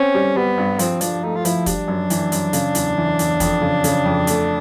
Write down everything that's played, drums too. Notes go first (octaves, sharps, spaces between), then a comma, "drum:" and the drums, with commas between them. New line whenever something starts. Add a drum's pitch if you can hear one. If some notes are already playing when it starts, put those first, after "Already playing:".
Already playing: C4 C#4
G3
G3 B3
G2
F3 C4, drum: hi-hat
F3 D4, drum: hi-hat
A3 D#4
F4
F3 E4, drum: hi-hat
G3 D4, drum: kick, hi-hat
F#2
E3, drum: hi-hat
F#2, drum: hi-hat
C#3, drum: hi-hat
E2, drum: hi-hat
E3
E2, drum: hi-hat
F2, drum: kick, hi-hat
C#3
C#3, drum: hi-hat
F2
A3, drum: hi-hat